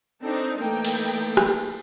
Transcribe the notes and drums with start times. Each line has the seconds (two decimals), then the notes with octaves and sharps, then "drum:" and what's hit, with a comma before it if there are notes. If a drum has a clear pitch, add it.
0.22 C4 D4 D#4 A4
0.58 E3 A3 A#3 D#4 G5
0.84 drum: cymbal
1.37 drum: rim click